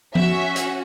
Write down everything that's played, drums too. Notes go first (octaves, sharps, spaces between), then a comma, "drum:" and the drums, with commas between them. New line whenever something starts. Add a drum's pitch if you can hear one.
C#4 F#4 E5, drum: tom F3
drum: hi-hat